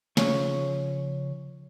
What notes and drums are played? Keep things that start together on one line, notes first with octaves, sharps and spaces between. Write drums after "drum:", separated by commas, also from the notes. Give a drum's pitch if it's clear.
C#3 F3 C#5, drum: snare